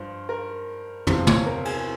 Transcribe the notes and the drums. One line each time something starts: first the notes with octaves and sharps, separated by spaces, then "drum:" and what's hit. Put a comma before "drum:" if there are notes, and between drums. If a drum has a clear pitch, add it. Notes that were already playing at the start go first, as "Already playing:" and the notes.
Already playing: G2 F3 C5
A#4
E2 C3 F3 C5, drum: tom
C#5, drum: tom
A#4
G#4, drum: cymbal